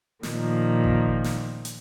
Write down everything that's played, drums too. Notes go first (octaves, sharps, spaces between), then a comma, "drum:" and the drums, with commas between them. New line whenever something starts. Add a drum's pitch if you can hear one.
A#2 D#3 F3, drum: snare
drum: kick G1
drum: snare
drum: hi-hat